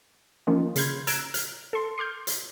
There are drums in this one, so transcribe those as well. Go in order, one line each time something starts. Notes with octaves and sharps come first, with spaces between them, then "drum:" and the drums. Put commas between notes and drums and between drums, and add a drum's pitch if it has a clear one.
D#3 F3 A#3 C#4 D#4 F4
C#3 B5 C6 F6 G6 G#6, drum: hi-hat
A#5 E6 F#6 G#6 D7 E7, drum: hi-hat
F6, drum: hi-hat
A4 C6
C6 D6 F6 G6
drum: hi-hat